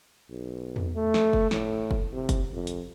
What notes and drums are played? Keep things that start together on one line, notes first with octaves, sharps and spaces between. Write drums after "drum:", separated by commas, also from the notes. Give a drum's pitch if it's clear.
B1
drum: tom E2
A3
drum: snare
drum: kick
A2, drum: snare
drum: kick
C3
drum: kick, hi-hat
F2
drum: hi-hat